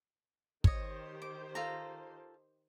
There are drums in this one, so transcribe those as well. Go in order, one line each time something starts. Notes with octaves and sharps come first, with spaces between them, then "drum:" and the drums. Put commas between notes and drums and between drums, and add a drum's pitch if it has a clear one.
D#3 G4 C5 C#5 D#5, drum: kick
D6
F4 A4 A#5